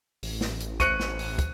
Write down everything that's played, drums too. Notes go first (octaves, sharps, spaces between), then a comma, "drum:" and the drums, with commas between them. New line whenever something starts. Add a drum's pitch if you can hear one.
A1, drum: open hi-hat
drum: snare
drum: hi-hat
C5 E5 C#6 F#6 C#7 D#7, drum: kick, hi-hat
drum: snare
drum: open hi-hat
drum: kick, hi-hat